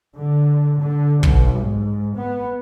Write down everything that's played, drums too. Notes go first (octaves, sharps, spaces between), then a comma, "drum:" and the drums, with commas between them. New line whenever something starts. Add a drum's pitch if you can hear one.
D3
D3
B1, drum: kick
G#2
B3